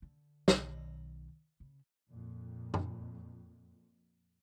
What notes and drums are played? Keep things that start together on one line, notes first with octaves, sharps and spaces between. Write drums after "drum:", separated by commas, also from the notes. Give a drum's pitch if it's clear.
D3
B1 D#3, drum: snare
C#3
F2 A#2
drum: tom F#2